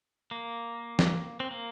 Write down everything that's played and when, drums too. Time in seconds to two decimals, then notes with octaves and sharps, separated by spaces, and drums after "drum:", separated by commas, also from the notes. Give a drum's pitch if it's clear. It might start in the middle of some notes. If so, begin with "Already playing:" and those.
0.31 A#3
0.99 drum: snare
1.40 C4
1.51 A#3